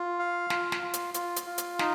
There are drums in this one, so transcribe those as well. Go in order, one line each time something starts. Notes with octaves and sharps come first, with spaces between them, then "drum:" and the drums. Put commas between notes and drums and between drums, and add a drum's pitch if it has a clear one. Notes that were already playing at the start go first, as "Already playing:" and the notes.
Already playing: F4
F5
F4, drum: snare
drum: snare
F4
drum: hi-hat
F4, drum: hi-hat
drum: hi-hat
F4
drum: hi-hat
D#4, drum: snare